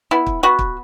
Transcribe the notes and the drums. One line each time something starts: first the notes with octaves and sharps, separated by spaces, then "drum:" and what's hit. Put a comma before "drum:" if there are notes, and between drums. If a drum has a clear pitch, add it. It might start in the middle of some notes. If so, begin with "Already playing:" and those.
B3 E4
drum: kick
B3 F#4
drum: kick